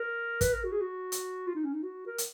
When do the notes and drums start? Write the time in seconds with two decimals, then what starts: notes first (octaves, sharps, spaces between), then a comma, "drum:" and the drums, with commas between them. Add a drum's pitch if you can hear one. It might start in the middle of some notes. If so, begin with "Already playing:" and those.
Already playing: A#4
0.41 B4, drum: kick, hi-hat
0.53 A#4
0.64 F#4
0.72 G#4
0.81 F#4
1.12 drum: hi-hat
1.47 F4
1.56 D#4
1.65 C#4
1.74 D#4
1.83 F#4
2.07 A#4
2.18 drum: hi-hat